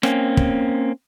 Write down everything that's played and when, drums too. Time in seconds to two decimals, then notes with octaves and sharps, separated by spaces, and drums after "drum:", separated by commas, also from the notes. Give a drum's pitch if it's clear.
0.03 A#3 C4 C#4, drum: rim click
0.37 drum: kick